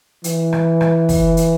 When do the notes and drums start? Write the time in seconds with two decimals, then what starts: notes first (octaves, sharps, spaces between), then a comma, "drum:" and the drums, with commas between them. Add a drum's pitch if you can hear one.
0.24 E3, drum: hi-hat
0.53 drum: rim click
0.81 drum: rim click
1.09 drum: kick, open hi-hat
1.37 drum: hi-hat